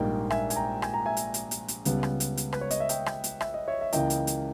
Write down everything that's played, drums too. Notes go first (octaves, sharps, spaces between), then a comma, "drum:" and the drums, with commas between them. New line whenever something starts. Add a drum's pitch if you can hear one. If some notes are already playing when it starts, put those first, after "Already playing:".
Already playing: A#1 G#2 G3 A#3 D#5 G5
E5 G#5, drum: rim click
G#5, drum: hi-hat
G5 A#5
G#5, drum: rim click
A#5
E5 G#5
drum: hi-hat
drum: hi-hat
drum: hi-hat
drum: hi-hat
C#2 C#3 G3 B3, drum: hi-hat
drum: rim click
drum: hi-hat
drum: hi-hat
B4, drum: rim click
C#5
D#5, drum: hi-hat
E5
D#5 G5, drum: hi-hat
drum: rim click
drum: hi-hat
E5, drum: rim click
D#5
C#5 E5
E5
C#2 C#3 E3 A#3 D#5 G5, drum: hi-hat
drum: hi-hat
drum: hi-hat